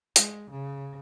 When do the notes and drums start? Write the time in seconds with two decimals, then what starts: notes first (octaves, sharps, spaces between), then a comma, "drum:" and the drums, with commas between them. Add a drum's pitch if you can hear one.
0.16 G#3, drum: hi-hat
0.50 C#3